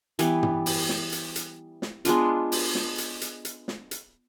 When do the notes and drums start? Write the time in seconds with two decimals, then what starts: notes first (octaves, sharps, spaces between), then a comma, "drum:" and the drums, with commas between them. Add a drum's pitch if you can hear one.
0.19 E3 G3 B3, drum: hi-hat
0.43 drum: tom
0.66 drum: open hi-hat
0.89 drum: snare
1.12 drum: hi-hat
1.36 drum: hi-hat
1.82 drum: snare
2.05 G#3 B3 D4 F4, drum: hi-hat
2.52 drum: open hi-hat
2.75 drum: snare
2.98 drum: hi-hat
3.21 drum: hi-hat
3.45 drum: hi-hat
3.68 drum: snare
3.91 drum: hi-hat